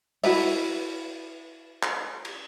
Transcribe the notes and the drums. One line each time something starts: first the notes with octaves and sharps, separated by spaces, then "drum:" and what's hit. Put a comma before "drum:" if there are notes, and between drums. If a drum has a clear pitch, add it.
E4 F#4 B4 E5, drum: open hi-hat
drum: clap
drum: cymbal